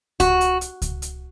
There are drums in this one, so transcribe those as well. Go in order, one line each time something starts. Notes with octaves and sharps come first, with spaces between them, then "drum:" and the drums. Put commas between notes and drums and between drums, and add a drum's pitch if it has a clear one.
F#4, drum: kick C#2, hi-hat
drum: hi-hat
drum: hi-hat
drum: kick C#2, hi-hat
drum: hi-hat